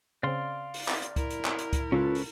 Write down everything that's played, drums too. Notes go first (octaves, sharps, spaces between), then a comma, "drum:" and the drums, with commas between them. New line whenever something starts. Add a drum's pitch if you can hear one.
C#3 C4 D5 F5 C6
drum: open hi-hat
drum: clap
drum: hi-hat
E4 A#4, drum: kick C#2, hi-hat
drum: hi-hat
drum: clap
drum: hi-hat
drum: kick C#2, hi-hat
C#2 C#4 F4 A4 B4
drum: open hi-hat